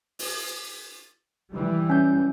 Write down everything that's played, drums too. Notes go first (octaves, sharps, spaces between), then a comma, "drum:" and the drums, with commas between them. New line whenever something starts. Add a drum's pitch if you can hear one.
drum: open hi-hat
E3 G3
C#4 G6